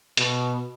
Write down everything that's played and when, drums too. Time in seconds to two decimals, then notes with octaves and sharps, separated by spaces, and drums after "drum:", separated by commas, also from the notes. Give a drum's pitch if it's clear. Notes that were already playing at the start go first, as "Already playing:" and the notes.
0.17 B2, drum: hi-hat